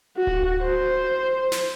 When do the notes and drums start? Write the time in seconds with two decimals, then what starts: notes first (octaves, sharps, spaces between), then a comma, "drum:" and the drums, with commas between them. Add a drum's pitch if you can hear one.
0.17 F#4
0.27 drum: kick D1
0.62 C5
1.52 drum: snare